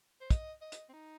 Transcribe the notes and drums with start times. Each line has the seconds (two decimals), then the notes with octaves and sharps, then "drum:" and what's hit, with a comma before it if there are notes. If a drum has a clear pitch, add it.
0.21 C5
0.30 D#5, drum: kick, hi-hat
0.61 D#5
0.72 drum: hi-hat
0.89 C4
0.94 D#4